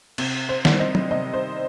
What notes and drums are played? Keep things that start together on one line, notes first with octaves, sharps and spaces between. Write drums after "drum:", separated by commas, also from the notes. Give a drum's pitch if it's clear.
C3, drum: cymbal
C5
D#3 G3, drum: snare
D#5
drum: tom F#3
C3 D#5
C5